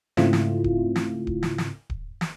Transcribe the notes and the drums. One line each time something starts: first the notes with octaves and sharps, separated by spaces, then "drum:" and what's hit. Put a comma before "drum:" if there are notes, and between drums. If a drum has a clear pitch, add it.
G#2 C#3 A3 C4 E4 F4, drum: snare
drum: snare
drum: kick D1
drum: snare
drum: kick D1
drum: snare
drum: snare
drum: kick D1
drum: snare